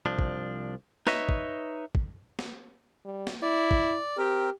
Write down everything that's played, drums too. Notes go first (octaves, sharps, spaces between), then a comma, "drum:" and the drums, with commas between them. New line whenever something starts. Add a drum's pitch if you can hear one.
C2 F3 D4
drum: kick
D#4 B4 C#5 D#5 E5, drum: snare
drum: kick
drum: kick
drum: snare
G3
drum: snare
E4 D5
drum: kick
C4 G4 A#4